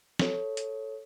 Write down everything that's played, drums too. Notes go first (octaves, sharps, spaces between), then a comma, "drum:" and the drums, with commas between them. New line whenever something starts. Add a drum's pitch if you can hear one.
A4 C#5, drum: snare
drum: hi-hat